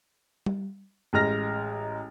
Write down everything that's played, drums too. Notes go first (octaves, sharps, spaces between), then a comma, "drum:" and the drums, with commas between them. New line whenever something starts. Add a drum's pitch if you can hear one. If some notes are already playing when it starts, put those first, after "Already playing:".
drum: tom G3
A1 G#3 A#5 F6 A#6